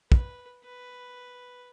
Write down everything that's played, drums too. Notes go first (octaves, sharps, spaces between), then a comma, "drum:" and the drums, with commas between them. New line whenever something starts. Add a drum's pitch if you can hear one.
B4, drum: kick
B4